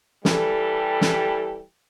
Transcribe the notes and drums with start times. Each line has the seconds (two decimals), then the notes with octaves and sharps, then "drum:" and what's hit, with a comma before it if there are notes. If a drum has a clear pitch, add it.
0.25 E3 G3 G4 A4, drum: snare
1.01 drum: snare